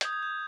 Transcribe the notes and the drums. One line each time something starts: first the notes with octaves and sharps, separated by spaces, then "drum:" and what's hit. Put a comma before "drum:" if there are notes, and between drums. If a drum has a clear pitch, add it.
D#6 G6 G#6, drum: hi-hat
G#6
G6